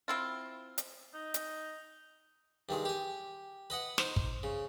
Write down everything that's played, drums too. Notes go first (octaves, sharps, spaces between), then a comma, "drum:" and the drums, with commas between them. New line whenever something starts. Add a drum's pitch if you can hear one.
C4 E4 F4
drum: hi-hat
D#4
drum: hi-hat
G2 D#3 G#3
G4 G#5
B4 D#5 F#5
D#4 C5, drum: snare
drum: kick
C#3